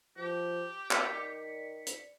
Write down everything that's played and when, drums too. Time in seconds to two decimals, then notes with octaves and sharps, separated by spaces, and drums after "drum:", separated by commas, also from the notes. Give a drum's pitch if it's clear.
0.17 F3 G4
0.91 D#3 D5 B6 C#7, drum: clap
1.87 drum: hi-hat